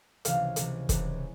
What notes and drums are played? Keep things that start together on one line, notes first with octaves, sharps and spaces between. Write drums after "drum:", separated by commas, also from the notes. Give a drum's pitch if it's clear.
C#2 C3 E3 F5, drum: hi-hat
C#2 C3 E3, drum: hi-hat
C#2 C3 E3, drum: kick, hi-hat